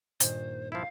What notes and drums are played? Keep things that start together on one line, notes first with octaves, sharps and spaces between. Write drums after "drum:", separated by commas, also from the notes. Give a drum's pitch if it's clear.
G2 A#2 D#3 C5, drum: hi-hat
F3 E4 F5